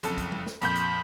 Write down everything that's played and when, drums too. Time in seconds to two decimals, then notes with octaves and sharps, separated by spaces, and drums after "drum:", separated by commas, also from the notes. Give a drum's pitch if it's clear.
0.03 F#1 F2 A4, drum: hi-hat
0.18 drum: kick, hi-hat
0.32 drum: tom G3
0.46 drum: snare
0.62 F2 A#2 B5 G6, drum: hi-hat
0.75 drum: hi-hat